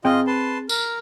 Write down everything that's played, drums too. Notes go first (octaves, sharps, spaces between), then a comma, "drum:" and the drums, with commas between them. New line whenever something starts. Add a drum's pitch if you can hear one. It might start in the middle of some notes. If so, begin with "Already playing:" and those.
C4 F4 G#4 D#5 G5
B4 A5 C6
A#4, drum: tambourine